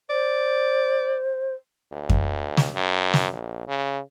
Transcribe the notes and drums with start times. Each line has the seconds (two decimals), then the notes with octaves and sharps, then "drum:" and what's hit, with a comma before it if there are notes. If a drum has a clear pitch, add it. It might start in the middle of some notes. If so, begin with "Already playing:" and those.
0.10 C5 D5
1.92 D2
2.09 drum: kick F2
2.57 drum: snare
2.74 F#2
3.14 drum: snare
3.33 A#1
3.68 C#3